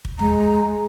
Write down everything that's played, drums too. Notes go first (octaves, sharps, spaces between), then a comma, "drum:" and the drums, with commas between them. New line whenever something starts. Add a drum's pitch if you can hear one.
drum: kick
G#3 A#5, drum: tom